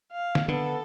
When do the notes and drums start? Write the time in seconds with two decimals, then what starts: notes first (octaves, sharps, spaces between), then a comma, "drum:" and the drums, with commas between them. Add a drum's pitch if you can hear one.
0.12 F5
0.35 drum: snare
0.48 D3 B3 A4